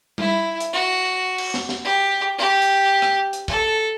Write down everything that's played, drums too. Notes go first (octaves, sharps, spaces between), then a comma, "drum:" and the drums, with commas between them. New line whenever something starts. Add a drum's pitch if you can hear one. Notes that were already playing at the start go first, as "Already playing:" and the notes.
E4, drum: tom G3
drum: hi-hat
F#4
drum: cymbal
drum: snare
drum: snare
G4
G4
drum: hi-hat
drum: rim click
drum: hi-hat
A4, drum: kick